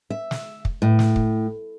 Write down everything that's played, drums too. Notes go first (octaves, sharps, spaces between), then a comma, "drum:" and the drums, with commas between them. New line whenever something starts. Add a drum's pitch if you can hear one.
E5
drum: snare
drum: kick
A2
drum: snare
drum: kick